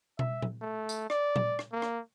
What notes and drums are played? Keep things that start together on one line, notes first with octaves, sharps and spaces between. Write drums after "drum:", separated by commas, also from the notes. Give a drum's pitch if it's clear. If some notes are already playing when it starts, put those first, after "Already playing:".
E5, drum: tom B2
drum: tom A#2
A3
drum: tambourine
D5, drum: rim click
drum: tom A#2
drum: rim click
A#3
drum: rim click